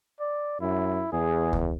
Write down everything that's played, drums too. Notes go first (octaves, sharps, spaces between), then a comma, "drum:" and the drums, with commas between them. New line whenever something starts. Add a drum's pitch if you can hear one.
D5
F#2 E4
E2 G#4
drum: kick C#2